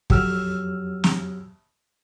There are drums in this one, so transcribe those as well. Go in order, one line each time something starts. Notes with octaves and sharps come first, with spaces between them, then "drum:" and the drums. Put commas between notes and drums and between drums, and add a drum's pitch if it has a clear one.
F2 F#3 G4 E6 F6, drum: kick
drum: snare